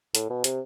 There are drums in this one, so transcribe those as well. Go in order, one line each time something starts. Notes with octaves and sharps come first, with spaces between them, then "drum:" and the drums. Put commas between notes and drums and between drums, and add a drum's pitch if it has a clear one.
A2, drum: hi-hat
B2
C3, drum: hi-hat